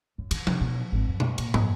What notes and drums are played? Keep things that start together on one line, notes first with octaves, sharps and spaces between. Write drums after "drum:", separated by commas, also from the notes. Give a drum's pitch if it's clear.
F#2
D#3, drum: cymbal
C3, drum: tom F3
B2
G#1
F#2
drum: tom B2
A#2, drum: cymbal
F#2, drum: tom